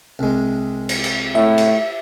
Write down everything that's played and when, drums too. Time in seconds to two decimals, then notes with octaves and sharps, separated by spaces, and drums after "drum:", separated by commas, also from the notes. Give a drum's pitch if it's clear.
0.19 C2 G#3
0.89 drum: cymbal
1.04 drum: cymbal
1.35 A2 E5
1.58 drum: cymbal